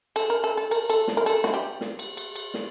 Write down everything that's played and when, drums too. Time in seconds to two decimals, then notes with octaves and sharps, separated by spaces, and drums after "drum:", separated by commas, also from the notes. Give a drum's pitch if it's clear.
0.16 A4, drum: cymbal
0.30 A#4
0.44 A4
0.57 A4
0.71 A#4, drum: cymbal
0.90 A4, drum: cymbal
1.08 drum: snare
1.17 A#4
1.26 A4, drum: cymbal
1.44 F#4, drum: snare
1.54 G4
1.81 drum: snare
1.99 drum: cymbal
2.17 drum: cymbal
2.36 drum: cymbal
2.54 drum: snare